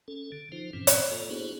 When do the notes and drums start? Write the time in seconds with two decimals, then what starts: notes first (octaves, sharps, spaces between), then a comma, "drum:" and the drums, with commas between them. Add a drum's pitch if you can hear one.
0.08 C#4 A4
0.32 D3
0.52 F3 D#4 F4 C5
0.73 G2 A#2 E3 C4 C#4
0.87 drum: hi-hat
1.11 A#3 F4 A4
1.30 B3 D4 E4 F#4 G#4 C5